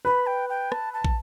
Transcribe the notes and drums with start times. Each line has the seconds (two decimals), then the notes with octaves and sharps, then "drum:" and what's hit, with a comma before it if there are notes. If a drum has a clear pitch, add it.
0.05 B4 B5
0.27 G5
0.49 G5
0.72 A5, drum: rim click
0.94 A5
1.05 drum: kick